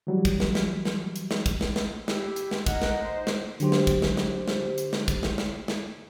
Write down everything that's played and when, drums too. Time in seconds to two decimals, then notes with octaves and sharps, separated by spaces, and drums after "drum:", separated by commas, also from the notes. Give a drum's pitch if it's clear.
0.07 E3 F#3 G3
0.25 drum: kick, hi-hat
0.40 drum: snare
0.55 drum: snare
0.85 drum: snare
1.16 drum: hi-hat
1.31 drum: snare
1.46 drum: kick, hi-hat
1.61 drum: snare
1.76 drum: snare
2.08 E4 G4, drum: snare
2.36 drum: hi-hat
2.51 drum: snare
2.66 D#4 A#4 D#5 F#5, drum: kick, hi-hat
2.82 drum: snare
3.01 C5
3.27 drum: snare
3.60 D3 F#3 G4 C5, drum: hi-hat
3.72 drum: snare
3.87 drum: kick, hi-hat
4.02 drum: snare
4.17 drum: snare
4.48 drum: snare
4.78 drum: hi-hat
4.93 drum: snare
5.08 drum: kick, hi-hat
5.23 drum: snare
5.38 drum: snare
5.68 drum: snare